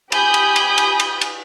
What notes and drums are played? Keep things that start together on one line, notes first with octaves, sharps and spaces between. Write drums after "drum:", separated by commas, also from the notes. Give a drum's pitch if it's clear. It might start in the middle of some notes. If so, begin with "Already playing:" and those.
G4 G#5 B5 D#6 G6, drum: cymbal
drum: cymbal
drum: cymbal
drum: cymbal
drum: cymbal
drum: cymbal